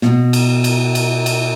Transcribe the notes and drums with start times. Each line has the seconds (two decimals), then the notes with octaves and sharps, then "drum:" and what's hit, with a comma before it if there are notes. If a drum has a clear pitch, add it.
0.02 B2, drum: snare
0.33 drum: cymbal
0.64 drum: cymbal
0.95 drum: cymbal
1.26 drum: cymbal